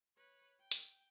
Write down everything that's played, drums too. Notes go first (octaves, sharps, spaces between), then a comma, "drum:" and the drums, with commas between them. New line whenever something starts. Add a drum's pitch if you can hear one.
B4 C#5
G5
drum: hi-hat